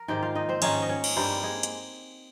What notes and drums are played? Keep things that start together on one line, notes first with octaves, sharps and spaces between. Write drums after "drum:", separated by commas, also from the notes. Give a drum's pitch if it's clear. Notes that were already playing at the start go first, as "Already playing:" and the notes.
Already playing: A#4
G#2 D#3 A#3 D#4 G4 G5
F4 F5
D#4 D#5
C4 C5
G#2 D#3 A#3 C#4 D#4 C#5, drum: cymbal
D#5
C#4 C#5
drum: cymbal
G2 G3 A#3 C4 C5
G#3 G#4
drum: hi-hat